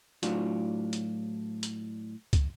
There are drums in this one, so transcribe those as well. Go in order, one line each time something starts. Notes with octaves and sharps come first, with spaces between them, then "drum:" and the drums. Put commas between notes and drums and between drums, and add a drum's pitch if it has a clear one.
A2 F#3 D4 F4 F#4, drum: hi-hat
drum: hi-hat
drum: hi-hat
drum: kick, hi-hat